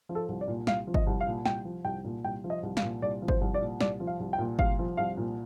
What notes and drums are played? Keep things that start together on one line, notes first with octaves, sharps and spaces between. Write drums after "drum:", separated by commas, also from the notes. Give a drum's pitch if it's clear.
F3
A4
C2
D5
A#2
C2 F5, drum: snare
F3
D#5, drum: kick G1
C2
F5
A#2
C2 G5, drum: snare
F3
C2 G5
A#2
C2 G5
F3
D#5
C2
F5, drum: snare
A#2
C2 D5
F3
C5, drum: kick G1
C2
D5
A#2
C2 D5, drum: snare
F3
F5
C2
G5
A#2
C2 F5, drum: kick G1
F3
C2 F5
A#2